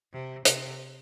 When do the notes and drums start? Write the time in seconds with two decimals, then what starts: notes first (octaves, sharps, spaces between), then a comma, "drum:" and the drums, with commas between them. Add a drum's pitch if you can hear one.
0.13 C3
0.45 C3, drum: hi-hat